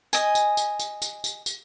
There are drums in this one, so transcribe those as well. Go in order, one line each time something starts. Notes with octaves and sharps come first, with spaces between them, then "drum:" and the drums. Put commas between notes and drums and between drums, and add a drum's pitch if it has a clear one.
D#5 G#5, drum: tambourine
drum: tambourine
drum: tambourine
drum: tambourine
drum: tambourine
drum: tambourine
drum: tambourine